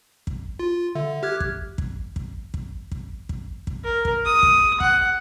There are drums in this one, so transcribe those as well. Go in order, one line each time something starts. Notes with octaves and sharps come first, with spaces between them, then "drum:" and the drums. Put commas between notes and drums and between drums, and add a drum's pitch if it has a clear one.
drum: kick
F4
D3 E5
G4 D6 F6 F#6 G#6
drum: kick
drum: kick
drum: kick
drum: kick
drum: kick
drum: kick
drum: kick
A#4
drum: kick
D#6
drum: kick
F#5, drum: kick